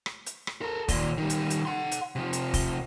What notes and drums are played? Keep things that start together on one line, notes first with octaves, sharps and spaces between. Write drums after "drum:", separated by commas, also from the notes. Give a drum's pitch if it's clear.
drum: rim click
drum: hi-hat
drum: rim click
A4 A#4
D#2 A#2, drum: kick, open hi-hat
D#3 G3
drum: hi-hat
drum: hi-hat
F#5 C6
drum: hi-hat
C3 F3
drum: hi-hat
drum: kick, open hi-hat